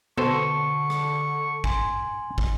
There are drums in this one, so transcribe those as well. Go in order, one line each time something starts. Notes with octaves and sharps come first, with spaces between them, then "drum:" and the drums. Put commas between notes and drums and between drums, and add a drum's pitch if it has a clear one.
B2 D3 A4 C5 A5 C#6
drum: rim click
G#5 C6, drum: kick
drum: kick